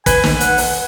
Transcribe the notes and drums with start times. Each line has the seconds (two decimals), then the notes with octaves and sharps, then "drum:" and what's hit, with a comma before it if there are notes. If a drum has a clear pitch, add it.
0.06 B4 G#5, drum: kick, hi-hat
0.24 drum: snare
0.40 F#5, drum: hi-hat
0.58 drum: open hi-hat